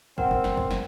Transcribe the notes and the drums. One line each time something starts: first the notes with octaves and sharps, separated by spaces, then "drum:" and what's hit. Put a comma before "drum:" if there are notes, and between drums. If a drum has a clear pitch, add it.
C4 A#4 F#5, drum: kick
drum: kick
drum: snare
drum: kick
drum: snare